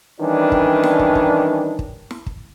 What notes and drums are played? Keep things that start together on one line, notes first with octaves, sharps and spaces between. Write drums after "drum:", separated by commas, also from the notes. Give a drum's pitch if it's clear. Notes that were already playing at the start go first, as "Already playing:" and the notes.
D#3 E3 G3 C#4 D4
drum: kick
drum: snare
drum: kick
drum: kick
drum: kick
drum: snare
drum: kick